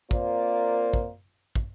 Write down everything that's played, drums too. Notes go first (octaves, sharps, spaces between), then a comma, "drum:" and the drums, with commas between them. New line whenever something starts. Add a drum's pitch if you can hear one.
A#3 C4 F4 A#4 C5 D5, drum: kick
drum: kick
drum: kick